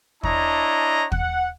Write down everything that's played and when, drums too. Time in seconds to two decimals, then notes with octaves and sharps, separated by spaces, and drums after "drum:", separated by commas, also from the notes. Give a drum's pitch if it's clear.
0.23 D4 E4 C#5 D#5 A5 A#5, drum: kick
1.12 F#5, drum: kick